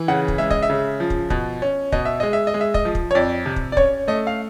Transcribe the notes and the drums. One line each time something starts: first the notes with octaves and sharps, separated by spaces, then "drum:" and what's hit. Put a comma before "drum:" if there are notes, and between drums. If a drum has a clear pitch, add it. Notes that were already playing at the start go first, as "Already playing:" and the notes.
Already playing: E3
C#3 F#5
drum: kick
G#3 E5
D#5, drum: kick
E5
C#3
F3
drum: kick
B2, drum: kick
C#4
B2 D#5, drum: kick
E5
G#3 D#5
E5
D#5
G#3
E5
D#5, drum: kick
F3
drum: kick
C#5
F2 D5
C3
drum: kick
D5
C#4 C#5, drum: kick
A3 D#5
F5